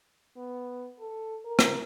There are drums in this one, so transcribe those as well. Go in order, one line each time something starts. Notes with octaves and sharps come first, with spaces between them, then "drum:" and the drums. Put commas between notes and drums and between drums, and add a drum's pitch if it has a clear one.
B3
A4
A#4
drum: rim click